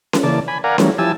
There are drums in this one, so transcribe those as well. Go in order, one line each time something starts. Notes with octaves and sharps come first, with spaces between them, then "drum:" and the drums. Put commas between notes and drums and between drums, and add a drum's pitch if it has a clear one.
drum: snare C#4
C#3 E3 A#3 D5 A5
G#5 B5
A#4 D5 F5 F#5 G#5 A#5
E3 F#3 G3 A3 C#4, drum: snare C#4
F3 E4 G4 G#5 A5 E6